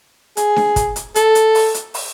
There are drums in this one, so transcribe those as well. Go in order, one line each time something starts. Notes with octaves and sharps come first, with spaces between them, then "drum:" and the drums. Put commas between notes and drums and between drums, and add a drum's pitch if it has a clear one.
G#4, drum: hi-hat
drum: snare D4
drum: kick, hi-hat
drum: hi-hat
A4, drum: hi-hat
drum: hi-hat
drum: open hi-hat
drum: hi-hat
drum: open hi-hat